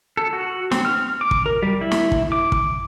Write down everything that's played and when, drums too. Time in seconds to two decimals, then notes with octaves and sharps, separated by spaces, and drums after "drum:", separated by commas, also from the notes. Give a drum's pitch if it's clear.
0.17 A4
0.33 F#4
0.71 C4, drum: snare
0.85 F6
1.21 D6
1.31 drum: kick
1.46 A#4
1.63 G3
1.81 E4
1.91 drum: snare
2.12 drum: kick
2.32 D6
2.52 drum: kick